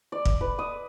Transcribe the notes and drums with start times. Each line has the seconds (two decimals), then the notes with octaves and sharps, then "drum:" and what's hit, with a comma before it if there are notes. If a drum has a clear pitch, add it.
0.12 D5
0.25 drum: kick
0.41 B4
0.59 D#6